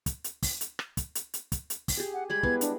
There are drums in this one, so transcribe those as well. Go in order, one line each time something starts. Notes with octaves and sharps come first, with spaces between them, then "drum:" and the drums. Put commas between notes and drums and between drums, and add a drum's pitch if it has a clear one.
drum: kick, hi-hat
drum: hi-hat
drum: kick, open hi-hat
drum: hi-hat
drum: rim click
drum: kick, hi-hat
drum: hi-hat
drum: hi-hat
drum: kick, hi-hat
drum: hi-hat
drum: kick, open hi-hat
G4 G#4
F#5
G3 G#3 B5 G#6
B3 E4, drum: kick
D4, drum: hi-hat